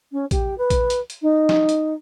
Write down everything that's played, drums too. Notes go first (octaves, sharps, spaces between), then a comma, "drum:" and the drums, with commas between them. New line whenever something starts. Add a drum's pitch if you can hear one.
C#4
G4, drum: kick A#1, hi-hat
B4
drum: kick A#1, hi-hat
drum: hi-hat
drum: hi-hat
D#4
drum: snare
drum: hi-hat